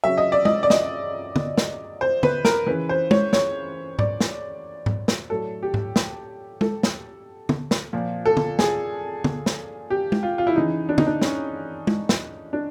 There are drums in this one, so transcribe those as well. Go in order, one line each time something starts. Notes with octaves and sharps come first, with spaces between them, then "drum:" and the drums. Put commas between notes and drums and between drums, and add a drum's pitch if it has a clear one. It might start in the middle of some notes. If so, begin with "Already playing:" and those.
C#3 F#3 E5
D#5
D5
D#5, drum: tom G#3
D5
D#5, drum: snare
drum: tom
drum: snare
C5
B4, drum: tom
A#4, drum: snare
C#3 E3 B4
C5
C#5, drum: tom G#3
C#5, drum: snare
D5, drum: tom G#2
drum: snare
drum: tom G#2
drum: snare
A2 F#3 A4
G4
drum: tom G#2
drum: snare
A4, drum: tom G#3
drum: snare
drum: tom
drum: snare
A#2 F3
A4
drum: tom
G#4, drum: snare
drum: tom
drum: snare
G4
drum: tom G#3
F4
F4
E4
C#3 E3 D#4
D4
D#4, drum: tom
D4
C#4, drum: snare
drum: tom G#3
drum: snare
D4